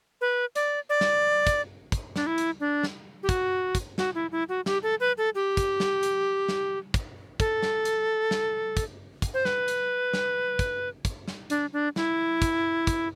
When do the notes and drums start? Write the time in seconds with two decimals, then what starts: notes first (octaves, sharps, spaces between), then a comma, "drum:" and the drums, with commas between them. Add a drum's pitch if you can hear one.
0.21 B4
0.55 D5, drum: hi-hat
0.89 D5
1.01 drum: snare
1.47 drum: kick, hi-hat
1.92 drum: kick, hi-hat
2.16 D4, drum: snare
2.27 E4
2.38 drum: hi-hat
2.60 D4
2.83 drum: snare
3.23 G4
3.29 F#4, drum: kick, hi-hat
3.75 drum: kick, hi-hat
3.98 F#4, drum: snare
4.15 E4
4.32 E4
4.49 F#4
4.66 G4, drum: snare
4.83 A4
5.00 B4
5.18 A4
5.35 G4
5.57 drum: kick, hi-hat
5.80 drum: snare
6.03 drum: hi-hat
6.48 drum: snare
6.94 drum: kick, hi-hat
7.40 A4, drum: kick, hi-hat
7.63 drum: snare
7.85 drum: hi-hat
8.31 drum: snare
8.77 drum: kick, hi-hat
9.22 drum: kick, hi-hat
9.34 C5
9.45 B4, drum: snare
9.68 drum: hi-hat
10.13 drum: snare
10.59 drum: kick, hi-hat
11.05 drum: kick, hi-hat
11.28 drum: snare
11.50 D4, drum: hi-hat
11.73 D4
11.96 E4, drum: snare
12.42 drum: kick, hi-hat
12.87 drum: kick, hi-hat